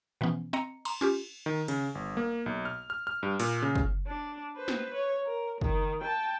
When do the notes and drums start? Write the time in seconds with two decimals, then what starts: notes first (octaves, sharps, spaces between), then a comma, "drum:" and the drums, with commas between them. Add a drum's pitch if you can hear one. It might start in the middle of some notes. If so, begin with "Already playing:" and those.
0.21 B2 E3 F3 B3 C#4
0.53 C4 D#5 A#5 C#7
0.85 A#5 C6, drum: cymbal
1.01 C#4 F4 G4
1.46 D#3
1.68 C#3, drum: cymbal
1.95 G1
2.17 A#3
2.46 B1
2.65 F6
2.90 F6
3.07 F6
3.23 G2
3.40 A#2, drum: open hi-hat
3.62 C#3
3.76 drum: kick
4.07 D4
4.57 B4 C5
4.68 drum: snare
4.94 C#5
5.26 A#4
5.61 D#3, drum: kick
6.01 G5 A5